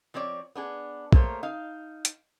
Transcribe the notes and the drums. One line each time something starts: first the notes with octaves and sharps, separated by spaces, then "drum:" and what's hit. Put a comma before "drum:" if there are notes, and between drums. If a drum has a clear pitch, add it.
F3 C4 C#5 D5
B3 D4 G#4
A3 A#3 G#4 A#4 C5 C#5, drum: kick
D#4 F5
drum: hi-hat